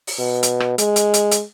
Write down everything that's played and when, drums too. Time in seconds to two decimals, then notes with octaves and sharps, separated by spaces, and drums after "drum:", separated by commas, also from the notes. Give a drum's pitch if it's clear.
0.07 drum: open hi-hat
0.19 B2
0.43 drum: hi-hat
0.60 drum: rim click
0.78 G#3, drum: hi-hat
0.96 drum: hi-hat
1.14 drum: hi-hat
1.31 drum: hi-hat